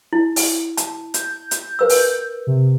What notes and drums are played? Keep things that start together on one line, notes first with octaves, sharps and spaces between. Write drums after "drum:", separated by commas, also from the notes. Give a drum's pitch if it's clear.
E4
drum: open hi-hat
A5, drum: hi-hat
G6, drum: hi-hat
drum: hi-hat
A#4 B4 E6
drum: open hi-hat
C3